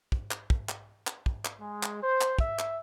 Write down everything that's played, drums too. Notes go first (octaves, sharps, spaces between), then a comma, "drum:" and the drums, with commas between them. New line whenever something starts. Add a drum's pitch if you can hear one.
drum: kick
drum: clap
drum: kick
drum: clap
drum: clap
drum: kick
drum: clap
G#3
drum: clap
C5
drum: clap
E5, drum: kick
drum: clap